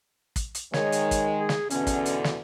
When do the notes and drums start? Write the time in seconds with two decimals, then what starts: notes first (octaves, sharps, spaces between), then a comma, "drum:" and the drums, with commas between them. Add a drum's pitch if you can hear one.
0.36 drum: kick, hi-hat
0.55 drum: hi-hat
0.73 D#3 G#3 C#5, drum: snare
0.92 drum: hi-hat
1.11 drum: kick, hi-hat
1.38 G#4
1.49 drum: snare
1.70 E2 B2 D3 C#4, drum: hi-hat
1.87 drum: kick, hi-hat
2.05 drum: hi-hat
2.24 drum: snare